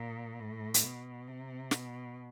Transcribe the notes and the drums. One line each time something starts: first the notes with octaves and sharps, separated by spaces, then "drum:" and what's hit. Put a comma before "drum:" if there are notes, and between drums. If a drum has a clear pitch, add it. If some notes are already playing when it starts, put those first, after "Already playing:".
Already playing: A#2
A2
drum: hi-hat
B2
C3
B2, drum: snare